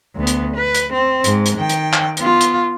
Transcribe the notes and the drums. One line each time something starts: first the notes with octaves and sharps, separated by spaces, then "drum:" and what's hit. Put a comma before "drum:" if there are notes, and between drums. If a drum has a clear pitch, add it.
D2 B3
drum: hi-hat
B4
drum: hi-hat
C4
G#2, drum: hi-hat
drum: hi-hat
D#3 G5
drum: hi-hat
drum: clap
B3 F4, drum: hi-hat
drum: hi-hat